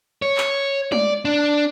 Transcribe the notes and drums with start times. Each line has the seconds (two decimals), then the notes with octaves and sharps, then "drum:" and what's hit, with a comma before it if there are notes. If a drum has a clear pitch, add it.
0.22 C#5
0.37 drum: clap
0.92 D5, drum: tom G#3
1.25 D4